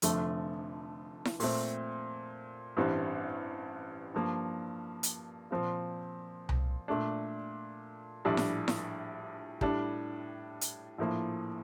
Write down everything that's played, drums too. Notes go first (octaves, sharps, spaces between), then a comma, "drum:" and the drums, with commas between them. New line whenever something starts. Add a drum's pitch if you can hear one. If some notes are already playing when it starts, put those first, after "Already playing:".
F1 F2 D3 F3 A3, drum: hi-hat
drum: snare E4
A#2 A3 C4, drum: open hi-hat
A1 G2 E3 G3 C4
G2 F3 A#3
drum: hi-hat
A#2 F3 C4 F4
drum: tom C2
A#2 A3 D4
A#1 A2 G3 D4
drum: snare E4
drum: snare E4
A2 G3 D4, drum: kick
drum: hi-hat
A#1 A2 F3 A#3